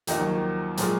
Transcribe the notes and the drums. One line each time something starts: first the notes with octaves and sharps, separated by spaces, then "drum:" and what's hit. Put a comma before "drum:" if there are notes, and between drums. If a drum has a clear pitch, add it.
D#2 D#3 F3 A#3 D#4, drum: hi-hat
F#3
F3
A#2 F3 F#3 G#3, drum: hi-hat